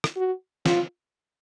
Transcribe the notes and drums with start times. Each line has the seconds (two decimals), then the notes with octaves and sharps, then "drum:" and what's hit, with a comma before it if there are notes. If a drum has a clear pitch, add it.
0.04 drum: rim click
0.16 F#4
0.66 F4, drum: snare